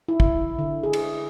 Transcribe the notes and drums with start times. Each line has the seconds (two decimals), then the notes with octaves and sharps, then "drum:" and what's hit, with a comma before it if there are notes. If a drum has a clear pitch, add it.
0.08 E4
0.20 drum: kick
0.59 D3
0.83 G#4
0.93 drum: cymbal